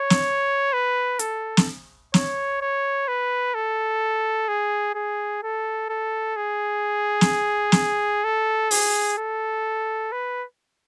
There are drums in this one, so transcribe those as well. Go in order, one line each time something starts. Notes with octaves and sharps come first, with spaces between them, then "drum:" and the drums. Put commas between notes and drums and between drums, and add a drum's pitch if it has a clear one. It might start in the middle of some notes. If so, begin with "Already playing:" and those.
Already playing: C#5
drum: snare
B4
A4, drum: hi-hat
drum: snare
C#5, drum: snare
C#5
B4
A4
G#4
G#4
A4
A4
G#4
drum: snare
drum: snare
A4
G#4, drum: open hi-hat
A4
B4